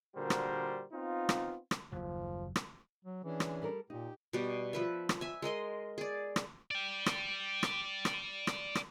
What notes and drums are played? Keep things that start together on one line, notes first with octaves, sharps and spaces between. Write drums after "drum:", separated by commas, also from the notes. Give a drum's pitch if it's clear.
A#2 D3 G3 F#4 A#4 C5
drum: rim click
B3 C4 D#4 F4
drum: rim click
drum: rim click
F#1 D#2 F3
drum: rim click
F#3
E3 C#4 D4 G#4
drum: rim click
G3 A4 A#4
A#2 D#4 G4
B2 G3
F3 B4 E5
drum: rim click
E5 G#5
G#3 A#4 D#5 C6
G#4 D5
drum: rim click
D5 G5
drum: rim click
drum: rim click
drum: rim click
drum: rim click
drum: rim click